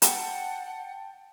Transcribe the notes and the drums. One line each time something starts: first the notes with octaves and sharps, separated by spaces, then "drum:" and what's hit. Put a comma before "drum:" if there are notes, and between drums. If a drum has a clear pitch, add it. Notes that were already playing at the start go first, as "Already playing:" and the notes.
F#5 G5 A5, drum: hi-hat